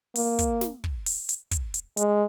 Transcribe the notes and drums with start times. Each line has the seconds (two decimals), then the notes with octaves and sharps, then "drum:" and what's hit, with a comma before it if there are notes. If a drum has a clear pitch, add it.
0.15 A#3, drum: open hi-hat
0.39 drum: kick, hi-hat
0.61 drum: snare
0.84 drum: kick
1.06 drum: open hi-hat
1.29 drum: hi-hat
1.51 drum: kick, hi-hat
1.74 drum: hi-hat
1.97 G#3, drum: hi-hat